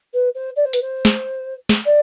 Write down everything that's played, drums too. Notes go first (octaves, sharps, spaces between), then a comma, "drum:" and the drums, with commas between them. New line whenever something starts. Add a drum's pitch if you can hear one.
B4
C5
D5
C5
B4, drum: hi-hat
C5
drum: snare
drum: snare
D5